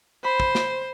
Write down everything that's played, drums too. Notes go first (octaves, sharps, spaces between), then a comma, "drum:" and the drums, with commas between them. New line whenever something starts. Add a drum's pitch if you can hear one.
C5 B5
drum: kick
drum: snare